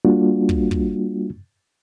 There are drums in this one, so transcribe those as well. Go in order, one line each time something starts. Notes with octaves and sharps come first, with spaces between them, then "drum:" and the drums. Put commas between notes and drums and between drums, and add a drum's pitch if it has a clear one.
G3 A#3 D4 F4 F#4
drum: kick
drum: kick